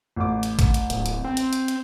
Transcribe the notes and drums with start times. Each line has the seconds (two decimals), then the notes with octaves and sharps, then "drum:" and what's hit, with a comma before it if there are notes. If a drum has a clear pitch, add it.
0.16 A1 D6
0.43 drum: hi-hat
0.59 drum: kick, hi-hat
0.74 drum: hi-hat
0.90 D1, drum: hi-hat
1.06 drum: hi-hat
1.24 C4
1.37 drum: hi-hat
1.53 drum: hi-hat
1.68 drum: hi-hat